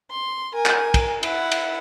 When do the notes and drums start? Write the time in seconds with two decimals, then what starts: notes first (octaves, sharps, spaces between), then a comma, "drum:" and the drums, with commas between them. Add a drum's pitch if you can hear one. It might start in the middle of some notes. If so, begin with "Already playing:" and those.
0.11 C6
0.54 A#4 G#5
0.65 drum: clap
0.94 drum: kick, cymbal
1.23 E4 F#5, drum: cymbal
1.51 drum: cymbal